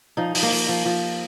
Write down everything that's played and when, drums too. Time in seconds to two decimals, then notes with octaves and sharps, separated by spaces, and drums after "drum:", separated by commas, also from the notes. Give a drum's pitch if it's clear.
0.17 F3 D#4
0.35 F3, drum: open hi-hat
0.43 A#3
0.52 F3
0.69 F3
0.86 F3